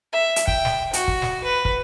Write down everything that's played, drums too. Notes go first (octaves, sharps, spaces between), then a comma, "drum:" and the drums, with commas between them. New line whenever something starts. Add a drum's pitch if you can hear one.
E5
drum: hi-hat
G5, drum: kick
drum: snare
F#4, drum: hi-hat
drum: kick
drum: snare
B4
drum: kick